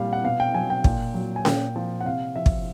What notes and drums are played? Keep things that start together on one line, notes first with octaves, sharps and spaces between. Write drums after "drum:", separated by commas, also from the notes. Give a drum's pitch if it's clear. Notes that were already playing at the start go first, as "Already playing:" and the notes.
Already playing: A#2 G3 F5
F#5
B2 F5
G5
F#3 G#5
G5
A#2, drum: kick
F#3
G#5
A#2 G5, drum: snare C#4
F3
F#5
C3 F5
F3 E5
drum: kick